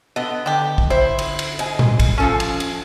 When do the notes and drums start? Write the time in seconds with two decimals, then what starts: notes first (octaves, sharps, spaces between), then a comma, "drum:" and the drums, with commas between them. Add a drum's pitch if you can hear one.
0.16 D3 B3 D#5
0.46 D3 D4 G4
0.78 drum: kick
0.90 E4 C5
1.19 drum: cymbal
1.39 drum: cymbal
1.59 D#5 G#5, drum: cymbal
1.79 drum: tom A#2
1.99 drum: kick, cymbal
2.18 F3 C#4 A4 G#5
2.40 drum: cymbal
2.60 drum: cymbal